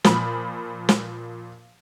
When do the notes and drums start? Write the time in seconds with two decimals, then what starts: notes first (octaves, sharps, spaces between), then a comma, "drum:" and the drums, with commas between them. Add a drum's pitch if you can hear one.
0.04 A#2 F3 B5, drum: snare
0.89 drum: snare